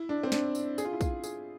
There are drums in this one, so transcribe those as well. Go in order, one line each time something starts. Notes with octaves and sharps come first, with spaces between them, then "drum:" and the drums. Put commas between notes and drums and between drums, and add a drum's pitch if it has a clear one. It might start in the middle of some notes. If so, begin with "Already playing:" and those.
Already playing: E4
D4
C4
D4, drum: snare
drum: tambourine
G#4, drum: tambourine
F4
E4
F4, drum: kick, tambourine
G#4, drum: tambourine